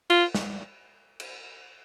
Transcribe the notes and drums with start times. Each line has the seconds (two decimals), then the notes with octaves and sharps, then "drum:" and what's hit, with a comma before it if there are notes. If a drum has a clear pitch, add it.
0.10 F4, drum: cymbal
0.35 drum: snare
1.20 drum: cymbal